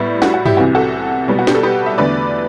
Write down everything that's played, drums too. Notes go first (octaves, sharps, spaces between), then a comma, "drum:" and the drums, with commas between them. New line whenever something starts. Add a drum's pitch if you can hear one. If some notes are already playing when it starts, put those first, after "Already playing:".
Already playing: A2 G3 B3 E4
F#4, drum: snare
F#4
E4 G4, drum: tom G2
C2 C3 E3 F#4
F#4 A4
B2 G3 B3
F#4
G4, drum: snare
A4
G4 B4
E5
E2 D3 A3 B4 D5